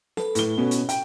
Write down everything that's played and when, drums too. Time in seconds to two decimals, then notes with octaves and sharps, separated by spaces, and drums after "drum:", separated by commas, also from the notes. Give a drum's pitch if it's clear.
0.17 A4 B4, drum: snare
0.35 A2 G7, drum: hi-hat
0.58 B2 B3 C#4
0.71 drum: hi-hat
0.89 G5, drum: hi-hat